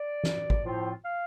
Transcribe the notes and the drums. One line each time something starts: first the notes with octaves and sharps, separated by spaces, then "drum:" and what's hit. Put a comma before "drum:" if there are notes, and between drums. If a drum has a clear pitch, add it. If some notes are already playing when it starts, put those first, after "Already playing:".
Already playing: D5
drum: snare
drum: kick G#1
A2 F3 C4 F4
F5